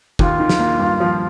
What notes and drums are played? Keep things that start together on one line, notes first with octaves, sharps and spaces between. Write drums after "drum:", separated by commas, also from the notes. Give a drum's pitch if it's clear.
D#2 F4, drum: kick
D#3
drum: snare
A#3
G2
F3